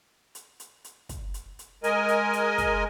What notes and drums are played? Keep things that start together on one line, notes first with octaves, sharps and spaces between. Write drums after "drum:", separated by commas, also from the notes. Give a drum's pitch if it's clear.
drum: hi-hat
drum: hi-hat
drum: hi-hat
drum: kick, hi-hat
drum: hi-hat
drum: hi-hat
G#3 A#4 D#5 G#5, drum: hi-hat
drum: hi-hat
drum: hi-hat
drum: kick, hi-hat